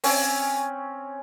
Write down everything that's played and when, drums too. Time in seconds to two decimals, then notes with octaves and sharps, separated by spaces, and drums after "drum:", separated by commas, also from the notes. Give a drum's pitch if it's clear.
0.04 C4 C#4 C#5 G#5, drum: open hi-hat